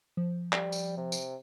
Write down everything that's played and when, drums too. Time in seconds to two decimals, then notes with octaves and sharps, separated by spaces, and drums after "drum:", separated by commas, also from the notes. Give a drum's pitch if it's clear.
0.17 F3
0.52 G3, drum: clap
0.72 drum: tambourine
0.97 C3
1.12 drum: tambourine